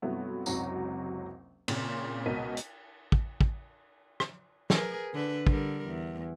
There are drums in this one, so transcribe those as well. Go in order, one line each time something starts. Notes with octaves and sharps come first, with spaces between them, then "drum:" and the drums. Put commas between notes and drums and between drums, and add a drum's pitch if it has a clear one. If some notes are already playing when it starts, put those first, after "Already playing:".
G2 C3 F#3 A3 B3 E4
F#1 C#2 C3 F#3 A#5, drum: tambourine
A#2 C#3 C4, drum: cymbal
C#2 B2 A#4 D#5 B6 D#7
drum: hi-hat
drum: kick
drum: kick
drum: rim click
G#4 A#4 B4, drum: snare
D3 D4 B4
D3 G3 A#4, drum: kick
E2